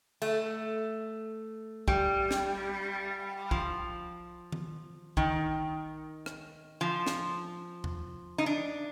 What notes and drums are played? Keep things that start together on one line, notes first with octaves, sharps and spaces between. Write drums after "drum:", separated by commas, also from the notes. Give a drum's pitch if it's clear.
A3, drum: cymbal
G3, drum: kick
drum: snare
F3, drum: kick
drum: tom D#3
D#3, drum: kick
drum: rim click
F3
drum: snare
drum: tom E2
D#4
D4